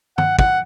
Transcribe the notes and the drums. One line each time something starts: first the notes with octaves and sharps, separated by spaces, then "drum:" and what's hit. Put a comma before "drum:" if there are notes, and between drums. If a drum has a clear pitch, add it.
F#5, drum: tom
F#5, drum: kick